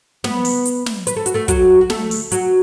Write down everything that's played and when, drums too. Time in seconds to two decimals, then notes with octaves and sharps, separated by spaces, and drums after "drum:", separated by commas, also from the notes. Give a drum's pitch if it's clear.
0.24 B3 B4, drum: snare
0.45 drum: open hi-hat
0.65 drum: hi-hat
0.86 drum: snare
1.07 B4, drum: hi-hat
1.16 A4
1.26 F#4, drum: hi-hat
1.34 A3 A4
1.48 F#3 F#4, drum: kick, hi-hat
1.81 F#4
1.90 A3 A4, drum: snare
2.11 drum: open hi-hat
2.31 F#3 F#4, drum: hi-hat